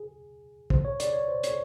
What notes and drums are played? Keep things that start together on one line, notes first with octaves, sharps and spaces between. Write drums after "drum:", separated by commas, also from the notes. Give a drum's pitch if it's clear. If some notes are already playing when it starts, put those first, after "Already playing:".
Already playing: G#4
C5, drum: kick
C#5
D5, drum: hi-hat
C#5
C5
C#5, drum: hi-hat